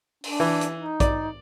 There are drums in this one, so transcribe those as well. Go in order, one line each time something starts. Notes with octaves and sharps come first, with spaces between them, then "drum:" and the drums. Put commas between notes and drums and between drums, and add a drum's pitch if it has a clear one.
D4, drum: open hi-hat
E3
drum: hi-hat
D#4
D5, drum: kick A#1, hi-hat